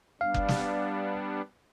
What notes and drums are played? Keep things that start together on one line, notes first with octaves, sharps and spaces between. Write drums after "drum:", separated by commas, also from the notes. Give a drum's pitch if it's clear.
G3 B3 D4 F5
drum: kick F#1
drum: snare